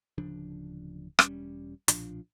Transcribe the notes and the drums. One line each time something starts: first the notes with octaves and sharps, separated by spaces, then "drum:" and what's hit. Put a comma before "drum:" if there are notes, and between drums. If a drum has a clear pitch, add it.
D1 C#3 F3 D4
E1 G3 C#4, drum: rim click
B1 A#2 F3 D4, drum: hi-hat